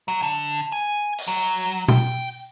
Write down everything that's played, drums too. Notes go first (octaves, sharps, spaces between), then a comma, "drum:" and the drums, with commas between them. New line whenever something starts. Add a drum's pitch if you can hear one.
F#3
D3
G#5
drum: open hi-hat
F#3
G5, drum: tom